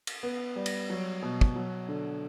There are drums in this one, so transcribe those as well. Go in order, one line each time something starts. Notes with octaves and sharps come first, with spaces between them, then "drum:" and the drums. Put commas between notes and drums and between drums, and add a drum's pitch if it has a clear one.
drum: cymbal
B3
G3
drum: cymbal
F#3
B2
drum: kick
F#3
D3